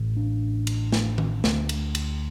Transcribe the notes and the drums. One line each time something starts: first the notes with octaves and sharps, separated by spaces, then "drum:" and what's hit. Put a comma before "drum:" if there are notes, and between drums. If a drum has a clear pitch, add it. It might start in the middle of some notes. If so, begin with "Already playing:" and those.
Already playing: A1 A2
D4
drum: cymbal
drum: snare
drum: tom D#3
D2 D3, drum: snare
drum: cymbal
drum: cymbal